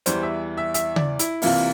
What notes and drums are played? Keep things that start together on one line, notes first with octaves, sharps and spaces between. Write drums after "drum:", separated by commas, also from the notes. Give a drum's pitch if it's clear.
E2 E3 G3 C5, drum: hi-hat
E5
E5
E5, drum: hi-hat
D5, drum: tom C#3
E4, drum: hi-hat
C2 C3 E3 A#3 F4, drum: open hi-hat